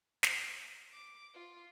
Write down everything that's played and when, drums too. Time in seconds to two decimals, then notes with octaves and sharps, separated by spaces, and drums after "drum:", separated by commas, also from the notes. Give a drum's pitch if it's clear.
0.23 drum: snare
0.93 D6
1.34 F4